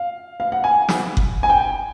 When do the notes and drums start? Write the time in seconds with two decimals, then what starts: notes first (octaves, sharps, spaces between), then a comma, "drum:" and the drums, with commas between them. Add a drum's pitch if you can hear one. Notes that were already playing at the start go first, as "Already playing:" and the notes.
Already playing: F5
0.40 F5
0.52 F#5
0.64 G#5
0.89 drum: snare
1.17 drum: kick F#1
1.43 G#5
1.49 G5